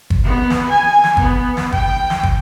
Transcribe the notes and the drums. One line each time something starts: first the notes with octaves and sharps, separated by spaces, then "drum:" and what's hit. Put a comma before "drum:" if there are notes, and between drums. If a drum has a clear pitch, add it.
drum: kick
B3
drum: snare
G#5
drum: snare
B3, drum: kick
drum: snare
G5, drum: kick
drum: snare
drum: kick